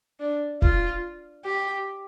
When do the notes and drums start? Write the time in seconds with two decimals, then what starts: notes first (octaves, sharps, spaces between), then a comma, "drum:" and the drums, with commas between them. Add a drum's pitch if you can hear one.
0.20 D4
0.62 F4, drum: kick F1
1.45 G4